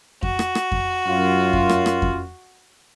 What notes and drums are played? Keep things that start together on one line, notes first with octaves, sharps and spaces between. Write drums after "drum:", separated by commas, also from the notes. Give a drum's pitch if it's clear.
F#4, drum: kick F2
drum: rim click
drum: rim click
drum: kick F2
F#2 F4
drum: kick F2
drum: rim click
drum: rim click
drum: kick F2